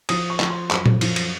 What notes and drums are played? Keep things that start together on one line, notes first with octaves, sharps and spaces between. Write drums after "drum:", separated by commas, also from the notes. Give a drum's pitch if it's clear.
F3 D#6, drum: cymbal
C#6
F3, drum: clap
C6
F#2, drum: clap
drum: tom
F3, drum: cymbal
drum: cymbal